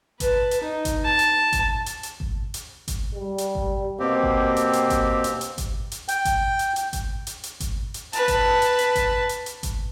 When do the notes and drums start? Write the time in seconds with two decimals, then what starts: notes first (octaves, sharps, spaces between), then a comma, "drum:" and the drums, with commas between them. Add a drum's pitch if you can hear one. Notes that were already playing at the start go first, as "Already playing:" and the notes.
0.20 B4 A5, drum: kick G#1, hi-hat
0.51 drum: hi-hat
0.61 D#4
0.85 drum: kick G#1, hi-hat
1.04 A5
1.19 drum: hi-hat
1.53 drum: kick G#1, hi-hat
1.86 drum: hi-hat
2.03 drum: hi-hat
2.20 drum: kick G#1
2.54 drum: hi-hat
2.88 drum: kick G#1, hi-hat
3.15 G3
3.38 drum: hi-hat
3.55 drum: kick G#1
4.00 B2 A#3 C4 G4
4.23 drum: kick G#1
4.56 drum: hi-hat
4.73 drum: hi-hat
4.90 drum: kick G#1, hi-hat
5.24 drum: hi-hat
5.41 drum: hi-hat
5.58 drum: kick G#1, hi-hat
5.92 drum: hi-hat
6.08 G5, drum: hi-hat
6.25 drum: kick G#1, hi-hat
6.59 drum: hi-hat
6.76 drum: hi-hat
6.93 drum: kick G#1, hi-hat
7.27 drum: hi-hat
7.44 drum: hi-hat
7.60 drum: kick G#1, hi-hat
7.94 drum: hi-hat
8.13 B4 A5, drum: hi-hat
8.28 drum: kick G#1, hi-hat
8.62 drum: hi-hat
8.79 drum: hi-hat
8.95 drum: kick G#1, hi-hat
9.29 drum: hi-hat
9.46 drum: hi-hat
9.63 drum: kick G#1, hi-hat